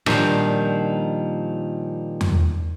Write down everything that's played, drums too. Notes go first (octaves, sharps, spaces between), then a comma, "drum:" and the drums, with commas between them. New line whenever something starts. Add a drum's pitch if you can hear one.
A#2 D#3 F3 G3 D4, drum: rim click
drum: tom E2